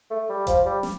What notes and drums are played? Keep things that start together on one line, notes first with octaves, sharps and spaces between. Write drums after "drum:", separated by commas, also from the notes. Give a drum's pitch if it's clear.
A3
G3
F3, drum: kick F#1, hi-hat
G3
drum: snare